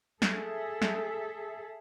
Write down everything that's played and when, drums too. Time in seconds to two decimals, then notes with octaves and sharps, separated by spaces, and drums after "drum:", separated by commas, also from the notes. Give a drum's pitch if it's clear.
0.22 G#4 A4 E5, drum: snare
0.82 drum: snare